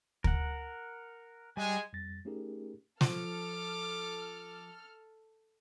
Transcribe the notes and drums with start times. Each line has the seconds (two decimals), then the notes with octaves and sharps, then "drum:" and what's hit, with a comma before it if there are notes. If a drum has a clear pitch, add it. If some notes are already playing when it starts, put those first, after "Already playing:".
0.24 A#4 F#5, drum: kick
1.57 G3 G#3 G#5
1.93 F2 G3 A6 A#6
2.25 A3 C#4 D#4 G4 G#4 A#4
3.01 F3 A4 D6 F6, drum: snare